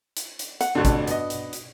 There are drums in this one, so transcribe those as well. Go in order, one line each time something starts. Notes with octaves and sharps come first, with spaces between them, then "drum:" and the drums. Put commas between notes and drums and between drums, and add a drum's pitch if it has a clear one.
drum: hi-hat
drum: hi-hat
F#5, drum: hi-hat
A1 F2 D3 D4 F#4
drum: kick G#1, hi-hat
B3 D#5, drum: hi-hat
drum: hi-hat
drum: hi-hat